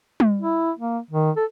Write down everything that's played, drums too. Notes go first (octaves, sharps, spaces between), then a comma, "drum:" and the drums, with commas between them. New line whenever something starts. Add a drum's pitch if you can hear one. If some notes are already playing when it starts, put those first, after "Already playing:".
drum: tom G3
E4
A#3
D#3
A4